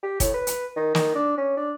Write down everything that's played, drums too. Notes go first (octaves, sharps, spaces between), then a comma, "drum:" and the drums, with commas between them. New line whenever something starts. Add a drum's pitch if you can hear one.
G4
A2, drum: kick, hi-hat
B4
drum: hi-hat
D#3
D#3, drum: snare
D4
C#4
D4